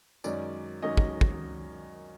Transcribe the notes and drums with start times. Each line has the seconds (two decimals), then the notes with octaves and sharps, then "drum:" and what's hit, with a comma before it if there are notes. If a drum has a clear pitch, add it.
0.24 F#2 D#3 G#3 C#4 D5, drum: tambourine
0.82 F#2 D#3 G#3 C#4 D#5
0.97 drum: kick
1.21 drum: kick